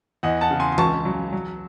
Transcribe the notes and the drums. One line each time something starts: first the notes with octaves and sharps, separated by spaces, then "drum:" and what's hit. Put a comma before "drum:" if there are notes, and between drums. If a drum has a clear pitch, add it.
E2 D#5 F#5
F#5 A5
C#3
G#5 C6
C6
C#2 A5 C#6, drum: tom E3
F#3
F#3